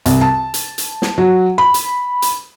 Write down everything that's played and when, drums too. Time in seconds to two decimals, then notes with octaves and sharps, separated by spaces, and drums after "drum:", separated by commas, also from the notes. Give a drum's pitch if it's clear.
0.06 C2, drum: hi-hat
0.21 A5
0.54 drum: hi-hat
0.78 drum: hi-hat
1.02 drum: snare
1.18 F#3
1.58 B5
1.74 drum: hi-hat
2.22 drum: hi-hat